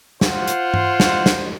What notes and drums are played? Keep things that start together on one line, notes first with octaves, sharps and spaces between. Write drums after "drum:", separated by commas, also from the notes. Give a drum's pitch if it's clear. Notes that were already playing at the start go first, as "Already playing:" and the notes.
F4 C5 F#5, drum: snare
drum: hi-hat
drum: tom G2
drum: snare
drum: snare